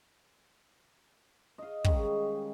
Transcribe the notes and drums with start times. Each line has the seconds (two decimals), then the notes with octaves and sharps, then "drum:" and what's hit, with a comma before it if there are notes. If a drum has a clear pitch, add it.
1.58 D#5 F5
1.85 D#3 G3 G#3 C#4, drum: kick